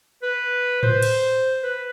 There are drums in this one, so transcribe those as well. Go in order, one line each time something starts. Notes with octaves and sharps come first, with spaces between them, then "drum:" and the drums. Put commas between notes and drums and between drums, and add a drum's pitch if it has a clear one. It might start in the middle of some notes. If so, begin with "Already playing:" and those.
B4
C5, drum: tom A2
drum: cymbal
B4